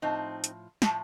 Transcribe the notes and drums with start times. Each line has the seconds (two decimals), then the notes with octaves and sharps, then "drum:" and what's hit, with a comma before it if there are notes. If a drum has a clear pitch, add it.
0.02 A2 F3 C4 D#4
0.44 drum: hi-hat
0.82 A2 F3, drum: snare